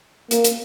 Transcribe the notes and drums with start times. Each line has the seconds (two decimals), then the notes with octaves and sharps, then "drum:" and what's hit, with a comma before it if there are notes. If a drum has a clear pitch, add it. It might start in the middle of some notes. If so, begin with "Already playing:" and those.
0.31 A#3, drum: hi-hat
0.44 drum: hi-hat